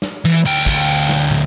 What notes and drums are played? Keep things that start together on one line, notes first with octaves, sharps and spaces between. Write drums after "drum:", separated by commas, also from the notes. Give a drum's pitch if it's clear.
drum: snare
E3
D2 G5, drum: hi-hat
drum: kick, hi-hat
drum: hi-hat
drum: snare
drum: tom